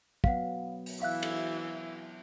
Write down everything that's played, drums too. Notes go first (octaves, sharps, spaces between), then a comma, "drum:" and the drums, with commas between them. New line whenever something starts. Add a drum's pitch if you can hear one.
F#3 B3 F5 F#5, drum: kick
drum: open hi-hat
E3 E5 F5 F#6
drum: cymbal